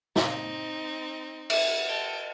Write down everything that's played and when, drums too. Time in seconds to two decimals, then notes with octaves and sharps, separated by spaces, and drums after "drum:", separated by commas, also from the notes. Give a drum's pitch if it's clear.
0.16 C4 D#4, drum: snare
1.50 E5, drum: cymbal
1.86 G5 A5